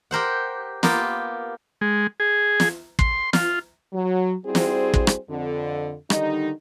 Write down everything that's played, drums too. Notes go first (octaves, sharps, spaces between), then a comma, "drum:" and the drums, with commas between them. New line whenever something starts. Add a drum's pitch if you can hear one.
G4 A#4 C5 F#5
A#3 B3 F4 G4 A#4, drum: snare
G#3
G#4
drum: snare
C6, drum: kick
F4, drum: snare
F#3
G3 C4 E4 F#4 G#4 C5
drum: snare
drum: kick
drum: rim click
F2 D3
D3 D#3 G3 D#4, drum: rim click